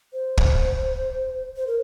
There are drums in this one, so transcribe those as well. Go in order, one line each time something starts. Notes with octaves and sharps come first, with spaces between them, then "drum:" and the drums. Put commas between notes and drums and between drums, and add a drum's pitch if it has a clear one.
C5
drum: kick
C5
A#4